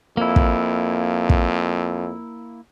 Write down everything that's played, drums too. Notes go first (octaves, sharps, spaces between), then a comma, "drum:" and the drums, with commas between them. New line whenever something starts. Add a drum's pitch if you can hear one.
F2 A#3 E4
drum: kick
drum: kick